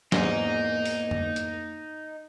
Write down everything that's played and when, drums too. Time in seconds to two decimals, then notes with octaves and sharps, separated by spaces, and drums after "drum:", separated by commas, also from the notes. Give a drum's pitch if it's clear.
0.12 E2 G#2 A#3 D#4, drum: snare
0.86 drum: open hi-hat
1.11 drum: tom F2
1.36 drum: hi-hat